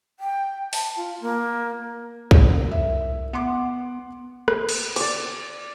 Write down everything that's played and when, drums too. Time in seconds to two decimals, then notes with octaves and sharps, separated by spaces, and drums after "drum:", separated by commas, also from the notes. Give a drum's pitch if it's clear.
0.20 G5
0.73 A5, drum: open hi-hat
0.96 F4
1.21 A#3
2.31 C2, drum: kick
2.71 E5
3.33 B3 F#5 C6 D6
4.48 drum: rim click
4.69 drum: cymbal
4.96 D5 D6, drum: cymbal